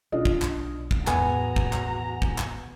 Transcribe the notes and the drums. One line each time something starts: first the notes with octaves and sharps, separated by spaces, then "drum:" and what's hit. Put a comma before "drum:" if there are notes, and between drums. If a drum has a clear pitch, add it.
B1 D4 F4 D#5
drum: kick
drum: clap
drum: kick
E2 A2 B3 F#4 G#5 A#5, drum: clap
drum: kick
drum: clap
drum: kick
drum: clap